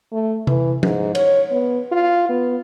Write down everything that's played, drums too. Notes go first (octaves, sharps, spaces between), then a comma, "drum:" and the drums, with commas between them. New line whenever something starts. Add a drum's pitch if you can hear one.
A3
E3, drum: tom C3
G#2, drum: tom F3
C#5, drum: cymbal
B3
F4
B3